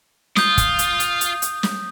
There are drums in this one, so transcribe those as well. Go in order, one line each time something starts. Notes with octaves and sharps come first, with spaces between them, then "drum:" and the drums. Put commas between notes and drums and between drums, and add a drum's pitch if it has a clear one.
F4 D#6 G6, drum: snare
drum: kick, hi-hat
drum: hi-hat
drum: hi-hat
drum: hi-hat
drum: hi-hat
drum: snare